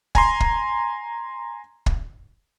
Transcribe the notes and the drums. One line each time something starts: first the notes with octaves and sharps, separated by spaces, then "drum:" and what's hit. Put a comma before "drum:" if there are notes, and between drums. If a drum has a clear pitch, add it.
G#5 A#5 C6, drum: kick
drum: kick
drum: kick